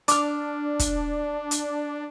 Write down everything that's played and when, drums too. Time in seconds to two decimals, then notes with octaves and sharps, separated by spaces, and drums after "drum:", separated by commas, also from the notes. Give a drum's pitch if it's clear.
0.08 D4 D6 F6, drum: hi-hat
0.79 drum: kick, hi-hat
1.51 drum: hi-hat